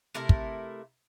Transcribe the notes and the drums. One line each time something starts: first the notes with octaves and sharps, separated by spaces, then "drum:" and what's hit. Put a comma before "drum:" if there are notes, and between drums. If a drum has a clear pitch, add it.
C3 A3 E4 A#4
drum: kick